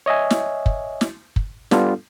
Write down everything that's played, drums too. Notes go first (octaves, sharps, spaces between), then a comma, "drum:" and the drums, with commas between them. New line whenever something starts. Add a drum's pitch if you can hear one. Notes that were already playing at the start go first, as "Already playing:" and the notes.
C#5 D#5 E5 G#5
drum: snare
drum: kick
drum: snare
drum: kick
G3 B3 D4 F4 A4, drum: snare